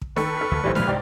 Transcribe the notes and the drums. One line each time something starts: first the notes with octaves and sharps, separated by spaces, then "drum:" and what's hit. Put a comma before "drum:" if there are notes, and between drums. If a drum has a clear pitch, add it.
drum: kick
D#3 A4 B4 C#6, drum: snare D4
A4 F6 B6
D2
A1 A#2 E3 G3 E4 C5
A#2 F3 G#3 B4 F6, drum: snare D4
C2 G#2 G4 C5 D5